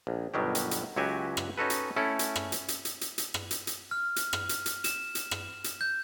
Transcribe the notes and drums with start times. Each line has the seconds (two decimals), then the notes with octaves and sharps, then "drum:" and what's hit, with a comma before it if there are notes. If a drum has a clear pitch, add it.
0.07 A#1
0.34 G1 B2 D#3 F#3 G4
0.55 drum: hi-hat
0.71 drum: hi-hat
0.96 C#2 F#3 F#4 G4 E5 G#5
1.37 drum: rim click
1.58 C#4 D#4 F#4 A4 B4
1.70 drum: hi-hat
1.96 A3 C#4 E4 A4
2.19 drum: hi-hat
2.36 drum: rim click
2.52 drum: hi-hat
2.68 drum: hi-hat
2.85 drum: hi-hat
3.01 drum: hi-hat
3.18 drum: hi-hat
3.34 drum: rim click
3.51 drum: hi-hat
3.67 drum: hi-hat
3.91 F6
4.16 drum: hi-hat
4.33 drum: rim click
4.49 drum: hi-hat
4.66 drum: hi-hat
4.84 E7, drum: hi-hat
5.15 drum: hi-hat
5.31 drum: rim click
5.64 drum: hi-hat
5.81 G6